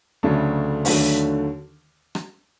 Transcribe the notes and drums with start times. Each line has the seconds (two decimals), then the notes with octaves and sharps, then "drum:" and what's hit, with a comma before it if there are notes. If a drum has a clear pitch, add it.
0.23 D2 C#3 F#3 A3 D4
0.85 D#2 D3 F#3 A3, drum: open hi-hat
2.15 drum: rim click